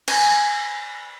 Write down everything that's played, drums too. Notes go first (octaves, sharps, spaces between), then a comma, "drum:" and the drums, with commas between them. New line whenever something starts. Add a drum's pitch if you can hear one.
G#5, drum: cymbal